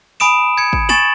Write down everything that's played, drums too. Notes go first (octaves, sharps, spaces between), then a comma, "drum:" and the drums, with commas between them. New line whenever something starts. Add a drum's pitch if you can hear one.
G#5 B5 D#6 D7 E7
G#6 C#7
drum: kick
G#5 C#6 A6 E7 F#7, drum: snare